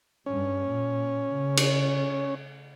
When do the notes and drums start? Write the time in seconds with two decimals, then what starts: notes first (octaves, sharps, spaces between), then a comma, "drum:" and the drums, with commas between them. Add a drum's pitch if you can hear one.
0.26 G2 C#4
0.67 A#2
1.29 C#3
1.57 drum: cymbal